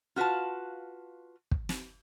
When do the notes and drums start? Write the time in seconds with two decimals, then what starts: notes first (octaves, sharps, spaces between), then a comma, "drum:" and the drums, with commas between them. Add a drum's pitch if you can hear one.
0.16 F4 F#4 B4 F5 A5
1.51 drum: kick
1.69 drum: snare